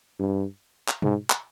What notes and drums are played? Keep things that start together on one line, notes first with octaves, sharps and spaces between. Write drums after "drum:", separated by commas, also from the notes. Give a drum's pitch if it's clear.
G2
drum: clap
G#2, drum: tom B2
drum: clap